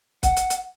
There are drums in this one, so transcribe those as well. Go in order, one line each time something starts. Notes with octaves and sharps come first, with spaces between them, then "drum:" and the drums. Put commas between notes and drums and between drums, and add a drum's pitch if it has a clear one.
F#5, drum: kick, hi-hat
drum: hi-hat
drum: hi-hat